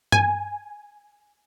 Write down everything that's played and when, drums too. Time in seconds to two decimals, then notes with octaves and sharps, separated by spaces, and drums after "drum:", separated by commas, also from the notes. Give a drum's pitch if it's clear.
0.12 G#5, drum: tom G2